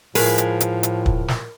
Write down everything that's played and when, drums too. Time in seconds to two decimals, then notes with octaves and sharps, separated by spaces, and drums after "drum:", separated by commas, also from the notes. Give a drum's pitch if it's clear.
0.15 A2 F3 G#3 G#4 A#4 B4, drum: open hi-hat
0.38 drum: hi-hat
0.60 drum: hi-hat
0.83 drum: hi-hat
1.06 drum: kick
1.28 drum: snare